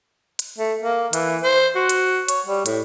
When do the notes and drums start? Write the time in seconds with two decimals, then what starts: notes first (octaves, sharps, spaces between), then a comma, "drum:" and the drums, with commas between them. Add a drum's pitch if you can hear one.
0.39 drum: hi-hat
0.58 A3
0.83 A#3
1.13 E3, drum: hi-hat
1.43 C5
1.76 F#4
1.89 drum: hi-hat
2.29 C#5, drum: hi-hat
2.46 G3
2.66 A2, drum: hi-hat